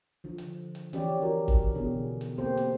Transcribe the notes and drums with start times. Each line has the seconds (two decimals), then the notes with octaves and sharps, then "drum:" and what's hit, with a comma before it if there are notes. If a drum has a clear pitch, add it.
0.24 D3 F3
0.38 drum: hi-hat
0.75 drum: hi-hat
0.93 E3 C#4 G4 C#5 D5, drum: hi-hat
1.22 E4 F#4 A#4
1.48 drum: kick G1, hi-hat
1.75 B2 D3 B3 E4 G#4
2.21 drum: hi-hat
2.38 A#3 C4 G4 A4 C5
2.57 drum: hi-hat